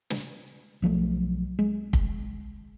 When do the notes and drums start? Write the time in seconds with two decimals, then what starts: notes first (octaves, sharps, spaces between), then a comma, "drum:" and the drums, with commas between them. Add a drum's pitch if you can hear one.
0.10 drum: snare
0.82 B1 F3 F#3 A3
1.59 G#3
1.93 drum: kick